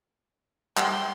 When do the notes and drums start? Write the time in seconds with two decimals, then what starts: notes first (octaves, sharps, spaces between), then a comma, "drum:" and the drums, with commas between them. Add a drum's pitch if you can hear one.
0.77 G3 G5 C6, drum: clap